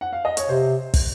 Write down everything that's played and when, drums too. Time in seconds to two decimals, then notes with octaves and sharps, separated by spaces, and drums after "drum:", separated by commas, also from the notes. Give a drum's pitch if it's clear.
0.01 F#5
0.13 F5
0.25 D#5
0.37 C#5, drum: hi-hat
0.49 C3 C5
0.94 drum: kick, open hi-hat